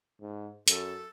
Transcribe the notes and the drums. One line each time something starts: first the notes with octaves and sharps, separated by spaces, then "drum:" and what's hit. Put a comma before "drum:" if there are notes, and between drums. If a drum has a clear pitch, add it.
G#2
F#2 A4, drum: hi-hat